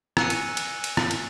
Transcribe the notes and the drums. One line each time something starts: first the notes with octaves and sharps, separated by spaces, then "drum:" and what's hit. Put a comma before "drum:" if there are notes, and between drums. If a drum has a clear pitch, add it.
G#5 E6 F#6 A#6 C#7 D#7, drum: rim click
drum: cymbal
drum: cymbal
drum: cymbal
drum: rim click
drum: cymbal